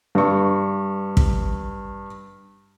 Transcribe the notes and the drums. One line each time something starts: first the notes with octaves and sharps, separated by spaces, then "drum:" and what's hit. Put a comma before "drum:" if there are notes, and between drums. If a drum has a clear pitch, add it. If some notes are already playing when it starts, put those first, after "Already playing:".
G2 C#6
drum: kick